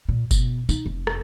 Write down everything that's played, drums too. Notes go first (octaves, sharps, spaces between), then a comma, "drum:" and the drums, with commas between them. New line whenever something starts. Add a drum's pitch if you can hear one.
A#2
B2, drum: kick F#1, tambourine
D#4, drum: tambourine
F1
drum: rim click